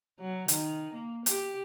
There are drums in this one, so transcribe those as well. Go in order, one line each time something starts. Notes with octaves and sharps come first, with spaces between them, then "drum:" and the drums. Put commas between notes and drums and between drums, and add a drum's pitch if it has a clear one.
F#3
D#3, drum: hi-hat
A#3
G4, drum: hi-hat